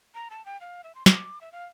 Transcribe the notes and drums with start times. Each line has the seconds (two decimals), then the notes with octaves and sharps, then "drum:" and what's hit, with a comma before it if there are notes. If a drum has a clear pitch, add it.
0.15 A#5
0.30 A5
0.45 G5
0.61 F5
0.84 E5
0.95 C6
1.06 D6, drum: snare
1.41 E5
1.52 F5